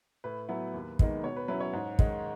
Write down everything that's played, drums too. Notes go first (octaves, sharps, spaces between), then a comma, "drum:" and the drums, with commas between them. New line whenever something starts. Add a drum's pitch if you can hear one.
A2 B4
F#3 B3 E4
D#2
D#3 G#3 B3 D#4, drum: kick
B2 C#5
B4
F#3 C#4 E4 B4
C#5
G#2
D#3 G#3, drum: kick